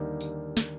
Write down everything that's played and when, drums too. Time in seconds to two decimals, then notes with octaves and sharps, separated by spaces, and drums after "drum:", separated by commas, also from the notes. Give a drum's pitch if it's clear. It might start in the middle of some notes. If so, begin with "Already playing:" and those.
Already playing: D#2 D3 G3 A#3 D#4
0.21 drum: tambourine
0.57 drum: snare